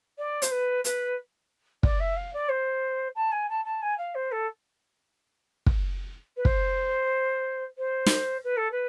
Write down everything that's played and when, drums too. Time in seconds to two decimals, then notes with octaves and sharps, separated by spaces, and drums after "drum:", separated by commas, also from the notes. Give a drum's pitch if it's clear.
0.18 D5
0.42 C5, drum: hi-hat
0.51 B4
0.84 B4, drum: hi-hat
1.83 D5, drum: kick
2.00 E5
2.16 F5
2.33 D5
2.49 C5
3.15 A5
3.31 G#5
3.49 A5
3.64 A5
3.82 G#5
3.97 F5
4.14 C5
4.31 A4
5.66 drum: kick
6.36 B4
6.45 C5, drum: kick
7.78 C5
8.06 drum: snare
8.44 B4
8.56 A4
8.71 B4